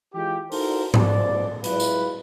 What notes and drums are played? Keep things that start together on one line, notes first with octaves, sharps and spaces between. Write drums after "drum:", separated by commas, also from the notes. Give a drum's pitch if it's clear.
E3 G#3 F4 G4
D#4 E4 F#4 A4 A#4 C5, drum: open hi-hat
A1 G#2 F3 D5, drum: tom G#2
F#3 G#3 E4 F4 B4, drum: hi-hat
drum: tambourine